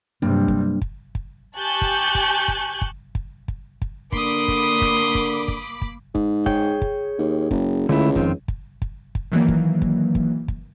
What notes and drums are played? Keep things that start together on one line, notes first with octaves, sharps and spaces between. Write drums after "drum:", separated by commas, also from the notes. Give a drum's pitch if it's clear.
G2 C3 F#3 G3 A#3 D4
drum: kick
drum: kick
drum: kick
G4 G#5 A5 C#6 F#6 G6
drum: kick
drum: kick
drum: kick
drum: kick
drum: kick
drum: kick
drum: kick
D3 A#3 D4 A#4 B5 C6 D6 D#6, drum: kick
drum: kick
drum: kick
drum: kick
drum: kick
drum: kick
G#2, drum: kick
G#4 C#5 G5, drum: kick
drum: kick
D#2
F#1, drum: kick
C#2 D3 A3 E4
F2 D#3 C4, drum: kick
drum: kick
drum: kick
drum: kick
D#3 E3 F#3 A#3
drum: kick
drum: kick
drum: kick
drum: kick